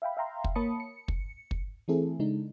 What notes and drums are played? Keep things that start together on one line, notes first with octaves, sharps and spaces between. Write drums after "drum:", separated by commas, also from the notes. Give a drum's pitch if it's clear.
E5 F5 G5 B5
E5 F5 G5 A#5 C6
drum: kick
A#3 C#5 A5 B5 D#6 C#7
C#7
drum: kick
drum: kick
E3 A3 C4 E4 G#4 A4
C#3 G#3 D4 D#4